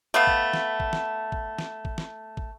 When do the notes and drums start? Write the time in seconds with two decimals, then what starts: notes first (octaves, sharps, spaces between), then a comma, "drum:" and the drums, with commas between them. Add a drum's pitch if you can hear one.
0.14 A3 B3 F5
0.27 drum: kick
0.53 drum: snare
0.80 drum: kick
0.93 drum: snare
1.32 drum: kick
1.58 drum: snare
1.85 drum: kick
1.98 drum: snare
2.37 drum: kick